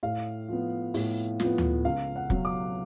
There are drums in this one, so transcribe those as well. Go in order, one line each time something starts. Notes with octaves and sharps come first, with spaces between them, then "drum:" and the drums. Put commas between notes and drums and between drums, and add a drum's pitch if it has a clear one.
A2 F5
F3 B3
A2, drum: open hi-hat
F3 B3, drum: snare
drum: tom D2
C#2 F5
F#5
B2 F#3, drum: kick
D6